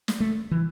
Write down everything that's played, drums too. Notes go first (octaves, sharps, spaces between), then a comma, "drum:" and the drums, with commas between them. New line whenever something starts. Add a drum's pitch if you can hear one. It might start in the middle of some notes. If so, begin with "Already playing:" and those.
drum: snare
A3
E3